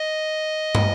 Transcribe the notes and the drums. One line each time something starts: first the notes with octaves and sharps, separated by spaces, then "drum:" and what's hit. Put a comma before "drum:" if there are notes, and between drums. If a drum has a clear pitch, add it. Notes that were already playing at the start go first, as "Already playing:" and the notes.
Already playing: D#5
drum: tom